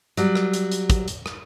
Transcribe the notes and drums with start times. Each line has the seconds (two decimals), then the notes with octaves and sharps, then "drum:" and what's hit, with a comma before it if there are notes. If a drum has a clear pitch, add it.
0.17 F#3 G3, drum: hi-hat
0.35 drum: rim click
0.54 drum: hi-hat
0.72 drum: hi-hat
0.90 drum: kick, hi-hat
1.08 drum: hi-hat
1.26 drum: rim click